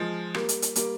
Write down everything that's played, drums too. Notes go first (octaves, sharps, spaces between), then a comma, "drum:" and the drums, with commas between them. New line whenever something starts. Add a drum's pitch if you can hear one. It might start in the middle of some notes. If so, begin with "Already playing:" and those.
Already playing: F3 G#3
G3 A#3, drum: rim click
drum: hi-hat
drum: hi-hat
G3 A#3, drum: hi-hat